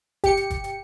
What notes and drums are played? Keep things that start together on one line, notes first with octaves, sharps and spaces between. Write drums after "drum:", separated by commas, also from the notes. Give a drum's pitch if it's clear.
G4 C#7, drum: kick, hi-hat
drum: hi-hat
drum: kick, hi-hat
drum: hi-hat